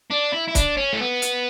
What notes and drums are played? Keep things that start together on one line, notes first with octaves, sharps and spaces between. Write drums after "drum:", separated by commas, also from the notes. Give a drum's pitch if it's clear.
D4
E4
E4
D4, drum: kick C#1, hi-hat
C#4
A3
B3
drum: hi-hat